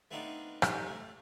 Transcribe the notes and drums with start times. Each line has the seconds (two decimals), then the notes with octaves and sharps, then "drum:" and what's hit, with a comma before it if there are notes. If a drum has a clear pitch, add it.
0.11 A3 B3 C4 D4 D#4 F4
0.62 D#4 G4, drum: rim click
0.88 A3